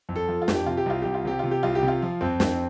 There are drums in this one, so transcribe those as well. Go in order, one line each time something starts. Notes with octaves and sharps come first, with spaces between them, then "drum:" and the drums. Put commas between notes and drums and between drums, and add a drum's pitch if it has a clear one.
F2
A4
F3
F4
F2, drum: snare
G4
C3 F4
G4
C2 F4
C2 G4
F4
C3 G4
C3 F4
G4
C2 F4
G4
C3
F4
F3
F2 C4
F2, drum: snare